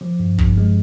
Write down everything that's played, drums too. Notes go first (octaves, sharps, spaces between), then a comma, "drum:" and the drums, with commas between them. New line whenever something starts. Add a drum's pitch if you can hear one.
F3
G2
G2, drum: kick
G#3